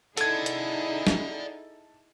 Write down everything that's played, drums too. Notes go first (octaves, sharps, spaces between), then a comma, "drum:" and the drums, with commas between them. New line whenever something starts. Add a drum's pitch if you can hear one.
D#4 E4 G#4 A4 D5 F#5 G#6, drum: hi-hat
drum: hi-hat
drum: snare